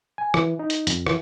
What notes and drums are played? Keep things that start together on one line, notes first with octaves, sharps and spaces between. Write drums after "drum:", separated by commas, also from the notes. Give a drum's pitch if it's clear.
G#5
E3, drum: rim click
D#4
drum: hi-hat
F2, drum: hi-hat
E3, drum: rim click